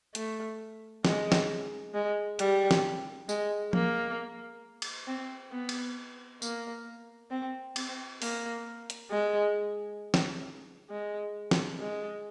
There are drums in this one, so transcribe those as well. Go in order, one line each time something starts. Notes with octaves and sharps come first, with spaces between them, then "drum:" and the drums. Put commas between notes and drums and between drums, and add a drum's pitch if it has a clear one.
A3, drum: hi-hat
G#3, drum: snare
drum: snare
G#3
G3, drum: hi-hat
drum: snare
G#3, drum: tambourine
A#3, drum: tom F3
drum: cymbal
C4
B3
drum: cymbal
A#3, drum: tambourine
C4
C4, drum: cymbal
A#3, drum: open hi-hat
drum: hi-hat
G#3
drum: snare
G#3
drum: snare
G#3